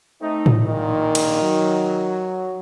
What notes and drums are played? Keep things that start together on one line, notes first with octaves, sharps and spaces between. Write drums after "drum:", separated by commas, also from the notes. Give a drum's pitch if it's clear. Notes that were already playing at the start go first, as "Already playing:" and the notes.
A3 C4 D#4
drum: tom A2
A#1 A#2 D#3
drum: cymbal
F#3